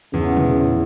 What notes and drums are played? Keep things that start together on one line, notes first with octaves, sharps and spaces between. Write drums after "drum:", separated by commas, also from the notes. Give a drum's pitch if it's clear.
E2 C#3
drum: tom